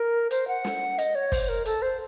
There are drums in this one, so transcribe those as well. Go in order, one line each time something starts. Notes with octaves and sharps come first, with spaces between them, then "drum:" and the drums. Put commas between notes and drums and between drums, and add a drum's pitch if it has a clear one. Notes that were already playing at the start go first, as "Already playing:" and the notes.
Already playing: A#4
C5, drum: hi-hat
F#5
drum: snare
D#5, drum: hi-hat
C#5
C5, drum: kick, open hi-hat
A#4
A4, drum: hi-hat
C5